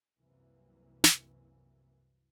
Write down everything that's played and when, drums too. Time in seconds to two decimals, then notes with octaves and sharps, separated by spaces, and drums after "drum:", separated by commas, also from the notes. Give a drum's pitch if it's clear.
0.17 C2 F#2 C3 E3 A#3
1.04 drum: snare